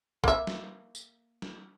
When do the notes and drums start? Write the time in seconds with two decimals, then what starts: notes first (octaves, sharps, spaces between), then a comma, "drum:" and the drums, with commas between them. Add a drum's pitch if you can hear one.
0.24 A#3 E5, drum: kick A#1
0.47 drum: snare
0.95 drum: tambourine
1.42 drum: snare